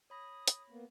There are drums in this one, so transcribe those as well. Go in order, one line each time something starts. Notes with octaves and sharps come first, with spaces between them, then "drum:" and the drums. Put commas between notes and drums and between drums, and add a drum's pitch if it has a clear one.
C#5 B5 D#6 A#6
drum: hi-hat
A#3 B3